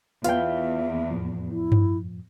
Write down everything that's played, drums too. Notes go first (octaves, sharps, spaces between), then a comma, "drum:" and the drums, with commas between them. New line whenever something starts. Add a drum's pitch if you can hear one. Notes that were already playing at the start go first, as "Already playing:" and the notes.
E2 F4 B4 E5 F5 G5, drum: hi-hat
F2 A2 F3
E4
drum: tom G2